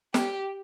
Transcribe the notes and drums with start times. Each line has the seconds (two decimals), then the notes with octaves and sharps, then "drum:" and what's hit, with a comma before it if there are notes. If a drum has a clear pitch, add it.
0.14 G4, drum: snare